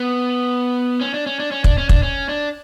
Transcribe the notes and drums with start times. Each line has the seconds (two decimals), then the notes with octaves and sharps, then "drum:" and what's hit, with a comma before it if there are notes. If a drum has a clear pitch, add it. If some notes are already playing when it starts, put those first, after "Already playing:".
Already playing: B3
1.01 C#4
1.14 D4
1.26 C#4
1.40 D4
1.52 C#4
1.64 D4, drum: kick
1.78 C#4
1.89 D4, drum: kick
2.03 C#4
2.29 D4